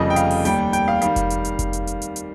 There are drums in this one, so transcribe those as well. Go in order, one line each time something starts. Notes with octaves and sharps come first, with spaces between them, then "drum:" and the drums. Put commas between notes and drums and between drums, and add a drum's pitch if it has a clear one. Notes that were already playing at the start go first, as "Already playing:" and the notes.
Already playing: F1 F2 C#3 G3 D#5
G5
F5, drum: hi-hat
drum: open hi-hat
D#2 D#3 G3 G5, drum: hi-hat
G5, drum: hi-hat
F5
D#3 G3 F5, drum: hi-hat
drum: kick F1, hi-hat
drum: hi-hat
drum: hi-hat
drum: kick F1, hi-hat
drum: hi-hat
drum: hi-hat
drum: hi-hat
drum: hi-hat